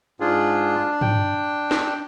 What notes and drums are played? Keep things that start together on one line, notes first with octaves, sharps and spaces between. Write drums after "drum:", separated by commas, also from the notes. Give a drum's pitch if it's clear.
G#2 D4 F4 G#4
G5, drum: tom G2
drum: snare